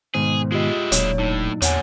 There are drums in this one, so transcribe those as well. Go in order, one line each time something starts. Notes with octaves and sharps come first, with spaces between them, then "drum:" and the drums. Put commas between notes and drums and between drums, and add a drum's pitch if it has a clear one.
G#2 B2 D#3 G#4 C5
G#3 E4 F4 G4 D#5
E1 A#2 F#3 D4 C#5, drum: hi-hat
A2 D#4
E2 A#2 D3 C#5 F#5 G#5, drum: hi-hat